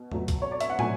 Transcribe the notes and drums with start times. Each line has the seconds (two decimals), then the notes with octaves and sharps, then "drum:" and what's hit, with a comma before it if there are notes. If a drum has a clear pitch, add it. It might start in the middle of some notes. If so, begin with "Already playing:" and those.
Already playing: B2
0.12 B2 F#3 A3, drum: tom
0.28 drum: kick, hi-hat
0.42 C#5
0.52 D5
0.60 E5, drum: hi-hat
0.70 F#5
0.79 B2 F#3 A3 G#5, drum: tom